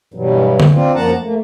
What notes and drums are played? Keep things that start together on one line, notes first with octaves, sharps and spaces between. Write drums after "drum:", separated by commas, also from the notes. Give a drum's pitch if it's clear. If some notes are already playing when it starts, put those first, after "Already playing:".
G2 B2 E3 F#3 G3
drum: tom D3
C4 D4 F4
F#2 F3 A#3 F#5 A5 A#5
A3 A#3